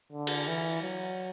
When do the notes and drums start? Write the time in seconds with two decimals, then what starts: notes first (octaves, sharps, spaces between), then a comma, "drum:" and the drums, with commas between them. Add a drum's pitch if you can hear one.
0.12 D3
0.27 drum: cymbal
0.48 E3
0.82 F#3